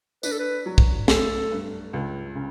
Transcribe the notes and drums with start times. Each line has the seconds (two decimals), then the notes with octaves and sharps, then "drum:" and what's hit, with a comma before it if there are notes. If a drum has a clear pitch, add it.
0.23 D4 B4, drum: tambourine
0.32 A4
0.39 B4
0.66 F#3
0.78 drum: kick
1.08 A3 A4, drum: snare
1.51 G2
1.93 C#2
2.35 C#3